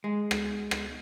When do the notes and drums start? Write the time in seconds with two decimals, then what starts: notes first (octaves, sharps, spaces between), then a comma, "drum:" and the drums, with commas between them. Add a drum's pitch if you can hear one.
0.04 G#3
0.31 drum: rim click
0.71 drum: rim click